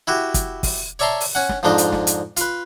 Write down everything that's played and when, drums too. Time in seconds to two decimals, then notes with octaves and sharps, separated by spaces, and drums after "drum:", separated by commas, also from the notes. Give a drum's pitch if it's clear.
0.07 E4 F#4 G4
0.34 drum: kick, hi-hat
0.63 drum: kick, open hi-hat
0.99 C#5 D5 E5 A5 A#5 C6
1.21 drum: open hi-hat
1.35 C#4 F#5
1.49 drum: snare
1.63 F2 G#2 F3 D4 D#4 D#5
1.78 drum: hi-hat
1.92 drum: snare
2.07 drum: hi-hat
2.37 F4 B4, drum: hi-hat